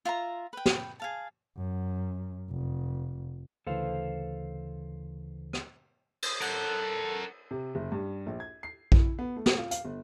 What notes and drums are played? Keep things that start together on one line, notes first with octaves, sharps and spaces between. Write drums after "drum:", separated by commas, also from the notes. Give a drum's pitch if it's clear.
F4 E5 F#5 A#5
B4 G5
drum: snare
G#4 F5 A5
F#2
F1
D2 C#3 E3 A4 C5 F5
drum: rim click
drum: cymbal
A4 A#4 F#5, drum: cymbal
C3
F#1
G2
A#1
G#6
C7
E4, drum: kick A#1
B3
A3
drum: snare
F4
F5, drum: hi-hat
G1